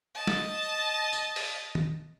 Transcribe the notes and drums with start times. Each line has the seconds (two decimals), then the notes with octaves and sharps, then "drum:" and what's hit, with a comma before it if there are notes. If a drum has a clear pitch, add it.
0.15 D#5 A5
0.27 drum: snare
1.13 drum: tambourine
1.36 drum: open hi-hat
1.75 drum: tom